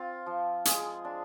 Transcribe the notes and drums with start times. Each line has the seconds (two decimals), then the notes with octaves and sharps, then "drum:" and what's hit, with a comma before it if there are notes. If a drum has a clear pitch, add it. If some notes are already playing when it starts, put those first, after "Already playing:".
Already playing: C4 F4
0.26 F3
0.65 G#3 G#4, drum: hi-hat
1.05 D4